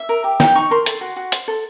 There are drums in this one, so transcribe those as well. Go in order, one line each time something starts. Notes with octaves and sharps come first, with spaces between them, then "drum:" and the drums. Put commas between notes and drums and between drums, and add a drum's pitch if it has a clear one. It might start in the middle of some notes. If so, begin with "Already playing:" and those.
Already playing: E5
A#4
G4
D#4 G5, drum: snare
D#4 C#6
A#4 C6
A4, drum: hi-hat
F#4
F#4
C5, drum: hi-hat
A4